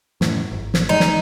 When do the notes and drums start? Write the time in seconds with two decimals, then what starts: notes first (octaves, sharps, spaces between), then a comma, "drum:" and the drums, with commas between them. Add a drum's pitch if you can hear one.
0.21 F#2 A2, drum: snare
0.52 G#1
0.74 drum: snare
0.89 G#3 D#4
1.00 drum: snare